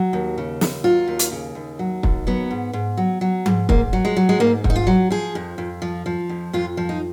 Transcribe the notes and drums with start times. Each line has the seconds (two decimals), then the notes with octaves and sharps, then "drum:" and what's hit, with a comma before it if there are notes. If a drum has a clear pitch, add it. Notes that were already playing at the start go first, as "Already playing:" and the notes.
Already playing: F#3
0.13 D#2
0.38 C#3
0.61 D#2, drum: snare
0.84 F#3 F4
1.07 D#2
1.19 drum: hi-hat
1.32 C#3
1.55 D#2
1.79 F#3
2.03 D#2, drum: kick
2.27 F#3 B3
2.51 G#2
2.73 G#2
2.97 F#3
3.21 F#3
3.46 G#2, drum: tom F3
3.69 G#2 A#3, drum: kick
3.93 F#3
4.05 G#3
4.16 F#3
4.29 G#3
4.40 G#2 A#3
4.64 G#2, drum: kick
4.70 D#4
4.76 F4
4.87 F#3
5.10 F3 G#4
5.35 F2
5.58 F2
5.82 F3
6.06 F3
6.29 F2
6.53 F2 F4
6.77 F3
6.89 D#4